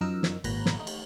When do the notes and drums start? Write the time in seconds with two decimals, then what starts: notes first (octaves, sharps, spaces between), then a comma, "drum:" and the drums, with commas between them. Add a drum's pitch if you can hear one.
0.01 F#2 F3 D#4 A#4 E6
0.23 drum: snare
0.44 G#1 A#2 B4 A#5, drum: cymbal
0.66 drum: snare
0.76 A3 D#4
0.87 drum: cymbal